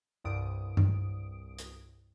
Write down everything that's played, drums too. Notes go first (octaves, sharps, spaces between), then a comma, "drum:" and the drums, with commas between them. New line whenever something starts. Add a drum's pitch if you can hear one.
C2 G2 D#6 D7
drum: tom G2
drum: hi-hat